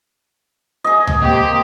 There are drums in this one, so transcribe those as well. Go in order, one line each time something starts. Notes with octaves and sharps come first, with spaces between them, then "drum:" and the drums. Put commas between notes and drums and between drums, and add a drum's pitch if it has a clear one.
G#4 D#5
drum: tom C#2
A#3 C4 G4